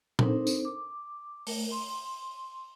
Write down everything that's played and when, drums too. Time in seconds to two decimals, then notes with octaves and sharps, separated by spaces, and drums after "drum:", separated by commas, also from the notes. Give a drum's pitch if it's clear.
0.19 C4 D4 D#4 A4 A#4 C5, drum: tom A#2
0.47 drum: tambourine
0.65 D6
1.47 A3 A#4, drum: open hi-hat
1.72 C6